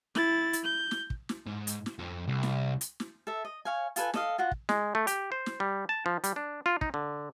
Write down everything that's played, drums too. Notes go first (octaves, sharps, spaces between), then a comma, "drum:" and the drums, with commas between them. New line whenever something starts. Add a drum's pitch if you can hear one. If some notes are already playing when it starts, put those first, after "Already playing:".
E4 A6, drum: snare
drum: hi-hat
G6
drum: snare
drum: kick
drum: snare
G#2
drum: hi-hat
drum: snare
F2
C2
drum: snare
drum: hi-hat
drum: snare
A4 E5
D#5
C#5 F5 G#5
F4 A4 B4 G#5, drum: hi-hat
A4 D#5 F5, drum: snare
F4 F#4 F#5
drum: kick
G#3, drum: snare
A3
G4, drum: hi-hat
C5
drum: snare
G3
A5
F3
G3, drum: hi-hat
D4
F4
D#4, drum: kick
D3